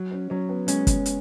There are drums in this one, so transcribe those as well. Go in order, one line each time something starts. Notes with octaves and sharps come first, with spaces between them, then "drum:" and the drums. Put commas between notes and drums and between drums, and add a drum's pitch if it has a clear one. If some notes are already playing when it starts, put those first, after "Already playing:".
Already playing: F#3
C#4
F#3 C#4
B3
G#3 C#4, drum: hi-hat
drum: kick, hi-hat
drum: hi-hat